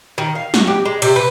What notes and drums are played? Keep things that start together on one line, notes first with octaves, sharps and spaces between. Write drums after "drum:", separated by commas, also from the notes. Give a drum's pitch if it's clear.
D#3
F5
F#4, drum: snare
G4
G#3
C3, drum: cymbal
B4